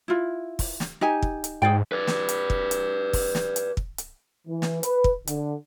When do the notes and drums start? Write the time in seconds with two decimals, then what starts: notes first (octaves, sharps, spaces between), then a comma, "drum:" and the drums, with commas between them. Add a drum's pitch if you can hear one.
0.08 E4 F4
0.59 drum: kick, open hi-hat
0.80 drum: snare
1.01 D#4 G4 G#5
1.22 drum: kick
1.44 drum: hi-hat
1.62 G#2 G#4 D5 G5
1.92 B4 D5
2.07 drum: snare
2.29 drum: hi-hat
2.50 drum: kick
2.71 drum: hi-hat
3.13 drum: kick, open hi-hat
3.35 drum: snare
3.56 drum: hi-hat
3.77 drum: kick
3.98 drum: hi-hat
4.47 E3
4.62 drum: snare
4.83 B4, drum: hi-hat
5.04 drum: kick
5.27 D3, drum: hi-hat